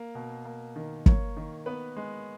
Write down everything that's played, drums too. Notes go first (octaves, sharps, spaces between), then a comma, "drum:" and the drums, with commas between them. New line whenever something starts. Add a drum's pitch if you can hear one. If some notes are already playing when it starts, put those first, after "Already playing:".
Already playing: A#3
B2
A#3
D#3
A#3 C#5, drum: kick
D#3
B3 B4
G#3